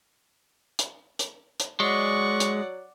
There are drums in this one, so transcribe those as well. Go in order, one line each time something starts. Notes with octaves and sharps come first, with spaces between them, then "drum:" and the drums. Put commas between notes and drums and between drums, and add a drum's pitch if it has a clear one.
drum: hi-hat
drum: hi-hat
drum: hi-hat
F#3 G#3 D5 F#5 C#6
drum: hi-hat